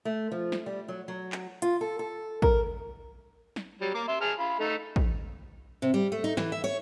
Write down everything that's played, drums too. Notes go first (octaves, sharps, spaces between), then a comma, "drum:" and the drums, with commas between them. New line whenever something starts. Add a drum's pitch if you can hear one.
A3
F3
drum: snare
G3
F#3
F#3
drum: clap
F4, drum: hi-hat
A4
A4
A#4, drum: kick
drum: snare
F#3 G3
A#3 D6
E5 C6
G#4 A5 F6
F4 B5
A3 D#4 A4
drum: kick
C3
G3
A3
D#4
E3, drum: snare
E5
C#5